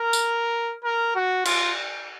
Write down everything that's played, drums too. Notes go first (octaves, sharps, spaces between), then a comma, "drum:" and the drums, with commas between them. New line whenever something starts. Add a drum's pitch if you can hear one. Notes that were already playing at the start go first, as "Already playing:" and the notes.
Already playing: A#4
drum: tambourine
A#4
F#4
F4, drum: cymbal